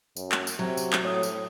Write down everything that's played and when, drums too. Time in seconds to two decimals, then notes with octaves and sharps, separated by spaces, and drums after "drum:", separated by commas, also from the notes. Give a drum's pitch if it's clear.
0.17 F#2, drum: tambourine
0.32 drum: clap
0.47 drum: tambourine
0.59 C3 F#3
0.77 drum: tambourine
0.93 drum: clap
1.05 A2 C#5 D#6
1.23 drum: tambourine